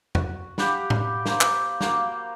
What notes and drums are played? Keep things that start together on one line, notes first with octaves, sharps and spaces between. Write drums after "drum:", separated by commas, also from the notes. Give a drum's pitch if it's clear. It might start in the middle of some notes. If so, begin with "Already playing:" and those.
F#4, drum: tom E2
G4 F5 F#5 B5, drum: snare
drum: tom A2
A#3 C5 D6, drum: snare
drum: clap
A#3 F#4 F5 G5, drum: snare